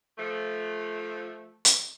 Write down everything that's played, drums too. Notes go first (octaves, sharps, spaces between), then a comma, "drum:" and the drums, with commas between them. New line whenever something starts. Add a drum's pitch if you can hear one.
F3 A3
drum: hi-hat